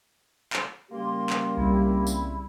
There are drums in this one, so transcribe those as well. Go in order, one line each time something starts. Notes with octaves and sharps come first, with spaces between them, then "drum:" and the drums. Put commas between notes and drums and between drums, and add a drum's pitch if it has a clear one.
drum: clap
C#3 G3 A#3 G4 C6
drum: clap
C2 E4
drum: tambourine